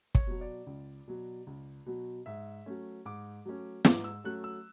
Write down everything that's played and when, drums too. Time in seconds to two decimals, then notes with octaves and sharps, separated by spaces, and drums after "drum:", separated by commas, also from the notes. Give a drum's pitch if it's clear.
0.15 C#5, drum: kick
0.27 B2 F#3
0.41 D5
0.67 C#2
1.07 B2 F#3
1.47 C#2
1.86 B2 F#3
2.26 G#2 E5
2.66 F#3 A3 C#4
3.05 G#2 D6
3.45 F#3 A3 C#4
3.85 G#2 D6, drum: snare
4.04 E6
4.24 F#3 A3 C#4 F#6
4.44 E6